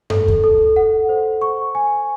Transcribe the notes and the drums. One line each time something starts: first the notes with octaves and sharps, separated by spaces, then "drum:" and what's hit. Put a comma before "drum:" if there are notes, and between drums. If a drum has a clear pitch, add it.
A4, drum: tom F#2
drum: kick D2
A4
F#5
C5
C#6
G#5